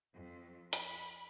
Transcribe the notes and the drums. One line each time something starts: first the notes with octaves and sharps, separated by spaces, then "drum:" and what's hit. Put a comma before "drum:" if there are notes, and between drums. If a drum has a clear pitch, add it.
F2
B5, drum: hi-hat